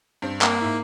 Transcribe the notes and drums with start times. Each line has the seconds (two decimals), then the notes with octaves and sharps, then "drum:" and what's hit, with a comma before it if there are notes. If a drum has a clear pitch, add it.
0.22 G2 C4
0.41 A#3, drum: clap
0.61 G#2 E4